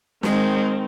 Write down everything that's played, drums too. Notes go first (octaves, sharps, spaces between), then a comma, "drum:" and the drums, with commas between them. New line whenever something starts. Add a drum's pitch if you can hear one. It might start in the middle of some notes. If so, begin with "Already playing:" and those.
D#3 G#3 C4, drum: snare